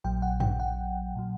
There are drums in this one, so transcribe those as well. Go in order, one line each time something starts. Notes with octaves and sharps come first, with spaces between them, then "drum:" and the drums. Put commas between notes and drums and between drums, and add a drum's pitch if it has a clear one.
A#1 A#2 F#3 G5
F#5
G5, drum: tom F#2
F#5
A#2 F#3